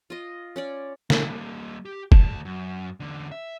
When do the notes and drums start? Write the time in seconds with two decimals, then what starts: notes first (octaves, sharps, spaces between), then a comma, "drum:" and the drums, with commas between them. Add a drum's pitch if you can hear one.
0.10 F4 D#5
0.56 C#4 C#5 D5
1.10 G3 A#3, drum: snare
1.85 G4
2.12 D2 A5, drum: kick F#1
2.45 F#2
3.00 E2 D3
3.32 E5